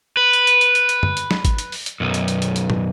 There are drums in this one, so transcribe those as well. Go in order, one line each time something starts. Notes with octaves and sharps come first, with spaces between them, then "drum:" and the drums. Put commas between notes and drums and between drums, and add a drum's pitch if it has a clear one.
B4
drum: hi-hat
drum: hi-hat
drum: hi-hat
drum: hi-hat
drum: hi-hat
drum: tom F#2
drum: hi-hat
drum: snare
drum: kick, hi-hat
drum: hi-hat
drum: open hi-hat
drum: hi-hat
B1 F#2
drum: hi-hat
drum: hi-hat
drum: hi-hat
drum: hi-hat
drum: tom